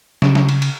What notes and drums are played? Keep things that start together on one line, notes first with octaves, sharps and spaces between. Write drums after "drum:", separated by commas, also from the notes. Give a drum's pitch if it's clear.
C#3, drum: snare
drum: snare
drum: cymbal
drum: cymbal